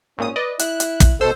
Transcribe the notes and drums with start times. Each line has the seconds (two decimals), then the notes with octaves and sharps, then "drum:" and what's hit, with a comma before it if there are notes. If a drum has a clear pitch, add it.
0.18 G#1 A#2 C#4 D#6
0.36 B4 D5 D#5
0.59 E4 F#6, drum: hi-hat
0.80 drum: hi-hat
1.00 drum: kick, hi-hat
1.21 B2 A4 C5 E6